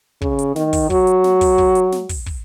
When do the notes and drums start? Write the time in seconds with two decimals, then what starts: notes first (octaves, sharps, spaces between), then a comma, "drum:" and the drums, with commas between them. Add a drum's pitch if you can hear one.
0.22 C#3, drum: kick
0.39 drum: hi-hat
0.56 D#3, drum: snare
0.73 drum: kick, open hi-hat
0.90 F#3, drum: kick
1.07 drum: hi-hat
1.24 drum: snare
1.41 drum: kick, open hi-hat
1.58 drum: kick
1.75 drum: hi-hat
1.92 drum: snare
2.09 drum: kick, open hi-hat
2.26 drum: kick